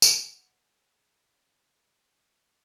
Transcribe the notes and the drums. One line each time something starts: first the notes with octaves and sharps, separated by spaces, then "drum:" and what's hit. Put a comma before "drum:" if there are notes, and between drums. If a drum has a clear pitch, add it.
drum: tambourine
C#3 F#5